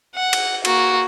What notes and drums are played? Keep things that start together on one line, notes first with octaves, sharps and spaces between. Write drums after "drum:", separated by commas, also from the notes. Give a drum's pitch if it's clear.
F#5
drum: cymbal
A#3 F#4, drum: cymbal